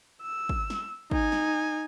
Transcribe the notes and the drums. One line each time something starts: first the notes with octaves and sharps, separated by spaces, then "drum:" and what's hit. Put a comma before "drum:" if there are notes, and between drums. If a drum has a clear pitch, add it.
E6
drum: kick
drum: snare
D#4 G#5, drum: kick
drum: snare